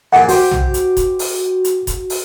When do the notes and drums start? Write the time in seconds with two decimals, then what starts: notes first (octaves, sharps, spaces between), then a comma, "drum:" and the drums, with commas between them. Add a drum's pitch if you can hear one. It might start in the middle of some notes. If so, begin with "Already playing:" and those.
0.13 F2 A#2 G#4 F#5
0.29 F#4 G4 C5, drum: open hi-hat
0.51 drum: tom B1
0.74 drum: hi-hat
0.97 drum: kick D#1, hi-hat
1.19 drum: open hi-hat
1.64 drum: hi-hat
1.87 drum: kick D#1, hi-hat
2.10 drum: open hi-hat